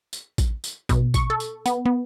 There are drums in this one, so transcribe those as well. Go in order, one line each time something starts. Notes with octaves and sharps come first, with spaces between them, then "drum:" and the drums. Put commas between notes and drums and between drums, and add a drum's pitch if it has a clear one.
drum: tambourine
drum: kick A1, tambourine
drum: tambourine
B2, drum: kick A1, tambourine
C#6, drum: kick A1, tambourine
A4
drum: tambourine
B3, drum: tambourine
B3